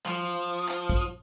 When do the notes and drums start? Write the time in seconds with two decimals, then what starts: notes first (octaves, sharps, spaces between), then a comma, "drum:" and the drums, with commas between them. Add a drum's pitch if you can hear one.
0.05 F3, drum: clap
0.68 drum: clap
0.89 drum: kick